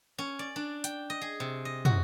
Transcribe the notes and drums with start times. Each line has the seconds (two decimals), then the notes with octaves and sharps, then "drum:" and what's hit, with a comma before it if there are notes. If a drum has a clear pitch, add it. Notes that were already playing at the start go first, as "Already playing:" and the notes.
0.18 C#4
0.39 D5
0.56 D4
0.84 G5, drum: hi-hat
1.10 D#5
1.21 G#4
1.40 C3
1.65 D#5
1.85 F#4, drum: tom